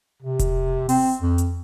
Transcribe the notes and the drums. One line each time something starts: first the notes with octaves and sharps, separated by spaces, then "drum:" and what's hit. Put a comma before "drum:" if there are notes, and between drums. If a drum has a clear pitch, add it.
C3
drum: kick E1, hi-hat
C4, drum: open hi-hat
F2
drum: hi-hat